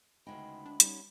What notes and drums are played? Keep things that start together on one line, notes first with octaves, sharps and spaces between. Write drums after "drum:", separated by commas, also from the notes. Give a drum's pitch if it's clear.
D2 C#3 G#3 B3 D#4 E4 G5 B5
D4
G3 C#4 D#4, drum: hi-hat